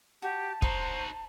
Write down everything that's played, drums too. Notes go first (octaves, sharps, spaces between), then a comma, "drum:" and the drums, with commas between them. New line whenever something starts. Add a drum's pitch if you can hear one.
F#4 G4 A5
D#4 F#4 C5 A#5 C6, drum: kick